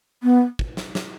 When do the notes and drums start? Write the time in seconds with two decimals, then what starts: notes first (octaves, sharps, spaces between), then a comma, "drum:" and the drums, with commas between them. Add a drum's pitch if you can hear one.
0.23 B3
0.59 drum: kick
0.77 drum: snare
0.95 drum: snare